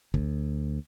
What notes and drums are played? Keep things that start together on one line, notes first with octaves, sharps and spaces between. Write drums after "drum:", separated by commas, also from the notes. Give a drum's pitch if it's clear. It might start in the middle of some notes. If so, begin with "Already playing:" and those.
D2, drum: kick